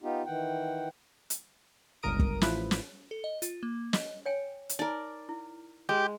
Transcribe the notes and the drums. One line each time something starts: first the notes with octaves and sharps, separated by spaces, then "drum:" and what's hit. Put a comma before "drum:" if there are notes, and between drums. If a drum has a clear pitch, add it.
B3 D#4 F4 G4
D#3 E3 F#5 G5
drum: hi-hat
G1 C#2 A#4 D#6 D7
drum: kick
A1 F3 E4 B4, drum: snare
drum: snare
A4
D#5
F4, drum: hi-hat
A#3
D#5, drum: snare
C#5 G5 G#5
drum: hi-hat
D#4 A#4 D5 G#5
E4
G#3 G4